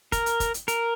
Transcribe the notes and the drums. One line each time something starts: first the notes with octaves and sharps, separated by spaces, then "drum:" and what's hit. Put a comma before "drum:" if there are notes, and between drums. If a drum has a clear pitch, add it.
A#4, drum: kick, hi-hat
drum: hi-hat
drum: kick, hi-hat
drum: hi-hat
A#4, drum: hi-hat